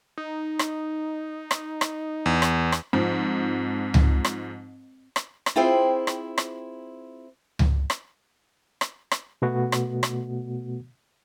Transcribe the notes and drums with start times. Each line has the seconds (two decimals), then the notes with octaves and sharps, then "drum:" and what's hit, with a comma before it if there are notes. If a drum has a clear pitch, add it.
0.18 D#4
0.59 drum: rim click
1.51 drum: rim click
1.81 drum: rim click
2.26 E2
2.42 drum: rim click
2.72 drum: rim click
2.93 G#2 F3 C4
3.94 drum: tom C#2
4.25 drum: rim click
5.16 drum: rim click
5.46 drum: rim click
5.56 C4 E4 F4 G#4 C5 G5
6.07 drum: rim click
6.38 drum: rim click
7.59 drum: tom C#2
7.90 drum: rim click
8.81 drum: rim click
9.11 drum: rim click
9.42 B2 A3 B3 F#4
9.72 drum: rim click
10.03 drum: rim click